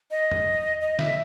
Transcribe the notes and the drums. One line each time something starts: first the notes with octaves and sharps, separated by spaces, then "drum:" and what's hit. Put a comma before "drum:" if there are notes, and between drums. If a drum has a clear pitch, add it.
D#5
drum: tom E2
D#5
E5, drum: snare